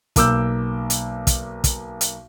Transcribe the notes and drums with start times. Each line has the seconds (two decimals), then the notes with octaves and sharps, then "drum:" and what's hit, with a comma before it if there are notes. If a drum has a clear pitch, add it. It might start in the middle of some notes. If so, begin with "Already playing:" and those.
0.16 B1 A#3 D6 E6 G6, drum: kick, hi-hat
0.90 drum: hi-hat
1.27 drum: kick, hi-hat
1.64 drum: kick, hi-hat
2.01 drum: hi-hat